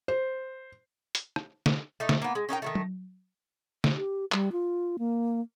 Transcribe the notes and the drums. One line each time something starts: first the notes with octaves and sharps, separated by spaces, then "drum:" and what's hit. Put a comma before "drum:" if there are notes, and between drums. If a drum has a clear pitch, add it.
C5
drum: hi-hat
drum: rim click
drum: snare
A3 D#4
drum: snare
A#3 B3
G#3
C#4 D#4 A#4 G5
D#3 F#3 A3
drum: tom F#3
drum: snare
G4
G3, drum: clap
F4
A#3